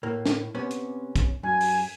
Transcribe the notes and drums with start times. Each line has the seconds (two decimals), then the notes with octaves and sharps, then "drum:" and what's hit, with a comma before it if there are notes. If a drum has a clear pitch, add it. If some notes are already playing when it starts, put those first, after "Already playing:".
0.03 A2 A#3
0.26 drum: snare
0.55 C3 B3 C#4
0.71 drum: hi-hat
1.16 drum: kick, hi-hat
1.43 F#2 G#5
1.61 drum: open hi-hat